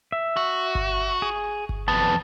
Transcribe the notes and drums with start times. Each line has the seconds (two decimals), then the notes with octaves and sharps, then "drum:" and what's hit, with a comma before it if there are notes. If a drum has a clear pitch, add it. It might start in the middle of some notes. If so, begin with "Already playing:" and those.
0.12 E5
0.37 F#4
0.75 drum: kick G1
1.22 G#4
1.69 drum: kick G1
1.88 F2 B3 A5